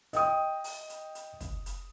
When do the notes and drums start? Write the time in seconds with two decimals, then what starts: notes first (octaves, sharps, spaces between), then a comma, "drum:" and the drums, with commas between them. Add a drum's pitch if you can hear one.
0.13 D#5 G5 D#6, drum: hi-hat
0.64 drum: open hi-hat
0.90 drum: hi-hat
1.15 drum: hi-hat
1.41 drum: kick, hi-hat
1.66 drum: hi-hat